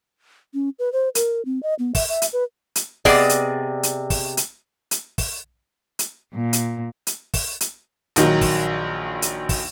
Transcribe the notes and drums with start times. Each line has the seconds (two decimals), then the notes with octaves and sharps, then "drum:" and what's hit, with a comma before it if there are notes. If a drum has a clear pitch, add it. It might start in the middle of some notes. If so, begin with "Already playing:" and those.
0.54 C#4
0.79 B4
0.93 C5
1.15 A#4, drum: hi-hat
1.45 C4
1.63 D#5
1.79 B3
1.95 E5, drum: kick, open hi-hat
2.09 E5
2.22 drum: hi-hat
2.33 B4
2.76 drum: hi-hat
3.05 C3 B3 G#4 D5 D#5, drum: kick, open hi-hat
3.29 drum: hi-hat
3.83 drum: hi-hat
4.10 drum: kick, open hi-hat
4.37 drum: hi-hat
4.91 drum: hi-hat
5.18 drum: kick, open hi-hat
5.99 drum: hi-hat
6.34 A#2
6.53 drum: hi-hat
7.07 drum: hi-hat
7.34 drum: kick, open hi-hat
7.61 drum: hi-hat
8.16 A#1 D#3 F#3, drum: hi-hat
8.41 drum: kick, open hi-hat
9.22 drum: hi-hat
9.49 drum: kick, open hi-hat